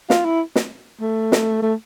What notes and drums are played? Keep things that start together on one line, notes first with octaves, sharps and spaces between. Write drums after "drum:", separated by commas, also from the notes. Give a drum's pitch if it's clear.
F4, drum: snare
E4
drum: snare
A3
drum: snare
A3